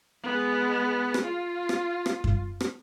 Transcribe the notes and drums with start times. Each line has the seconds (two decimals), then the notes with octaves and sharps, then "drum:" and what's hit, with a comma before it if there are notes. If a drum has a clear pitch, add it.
0.23 G#3 B3
1.14 drum: rim click
1.24 F4
1.69 drum: rim click
2.06 drum: rim click
2.24 drum: kick F#2
2.60 drum: rim click